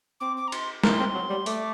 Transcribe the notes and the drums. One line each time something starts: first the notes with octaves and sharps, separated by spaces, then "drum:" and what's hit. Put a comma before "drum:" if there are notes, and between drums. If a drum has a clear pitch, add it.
C4 D6
D6
A#5
C6, drum: cymbal
A#4 C6, drum: snare
C4
F#3
G3
A3 D6, drum: open hi-hat